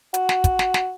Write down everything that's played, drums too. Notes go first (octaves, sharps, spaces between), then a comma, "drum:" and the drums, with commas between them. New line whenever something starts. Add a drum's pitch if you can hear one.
F#4, drum: hi-hat
drum: snare
drum: kick, hi-hat
drum: snare
drum: snare